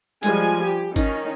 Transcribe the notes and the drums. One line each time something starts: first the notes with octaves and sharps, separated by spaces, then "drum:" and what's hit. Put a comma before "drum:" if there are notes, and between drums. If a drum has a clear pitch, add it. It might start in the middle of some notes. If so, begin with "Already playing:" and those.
F3 G3 G#3 G#5, drum: hi-hat
G4
D#3 C#4 D#4, drum: kick G#1, hi-hat